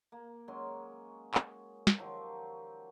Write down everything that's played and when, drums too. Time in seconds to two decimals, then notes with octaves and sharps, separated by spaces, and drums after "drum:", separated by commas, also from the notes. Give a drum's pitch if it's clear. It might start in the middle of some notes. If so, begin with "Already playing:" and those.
0.12 A#3
0.48 F#3 G#3 C#4 C6
1.34 drum: clap
1.87 drum: snare
1.97 D#3 F3 F#3 G4